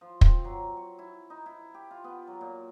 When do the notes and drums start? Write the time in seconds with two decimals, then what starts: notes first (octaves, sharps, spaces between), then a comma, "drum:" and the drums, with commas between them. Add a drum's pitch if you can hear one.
0.01 F3
0.21 C4, drum: kick
0.44 F#3
0.77 C#6
0.99 E4
1.30 D#4
1.46 E4
1.74 G4
1.91 F4
2.04 B3
2.27 F#3
2.41 A#2